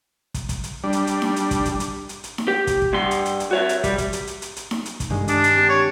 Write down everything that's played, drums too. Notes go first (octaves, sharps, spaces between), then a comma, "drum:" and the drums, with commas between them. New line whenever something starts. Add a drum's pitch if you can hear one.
drum: kick, hi-hat
drum: kick, hi-hat
drum: hi-hat
G3 D4
drum: hi-hat
drum: hi-hat
drum: snare D#4
drum: hi-hat
drum: kick, hi-hat
drum: kick, hi-hat
drum: hi-hat
drum: hi-hat
drum: hi-hat
drum: snare D#4
G4
drum: kick, hi-hat
drum: kick
G2 C6
drum: hi-hat
drum: hi-hat
drum: hi-hat
F#4 C#5 E5
drum: hi-hat
G3, drum: kick, hi-hat
drum: kick, hi-hat
drum: hi-hat
drum: hi-hat
drum: hi-hat
drum: hi-hat
drum: snare D#4
drum: hi-hat
drum: kick, hi-hat
G2 D#3 G#3
D4 D#6 A6, drum: hi-hat
drum: hi-hat
C4 G4
C#5